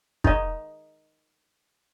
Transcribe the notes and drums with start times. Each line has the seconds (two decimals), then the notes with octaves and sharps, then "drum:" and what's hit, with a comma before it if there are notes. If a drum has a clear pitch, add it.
0.24 D#4 D#5, drum: kick